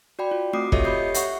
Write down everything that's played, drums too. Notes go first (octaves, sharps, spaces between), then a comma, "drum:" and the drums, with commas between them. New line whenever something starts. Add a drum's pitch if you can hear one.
F#4 D5 G5 B5
F4
A3 C4 F#4 D6 D#6 C7
F4 G4 A4 C#5 D#5 E5, drum: kick
G4 C#5 B5 D#6 G6 C7
E5 F#5 C#6, drum: hi-hat